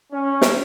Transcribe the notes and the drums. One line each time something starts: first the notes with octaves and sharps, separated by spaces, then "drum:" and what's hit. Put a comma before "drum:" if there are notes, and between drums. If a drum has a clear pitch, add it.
C#4
drum: snare